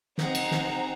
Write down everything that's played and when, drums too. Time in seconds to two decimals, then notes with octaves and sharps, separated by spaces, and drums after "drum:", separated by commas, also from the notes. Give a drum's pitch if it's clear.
0.18 C4 D#4 G#4 F#5 A#5, drum: snare
0.35 drum: cymbal
0.51 drum: snare